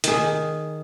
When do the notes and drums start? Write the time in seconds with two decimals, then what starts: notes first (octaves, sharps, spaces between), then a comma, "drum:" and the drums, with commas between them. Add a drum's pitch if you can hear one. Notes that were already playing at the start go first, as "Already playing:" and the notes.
0.04 D#3 G#4, drum: hi-hat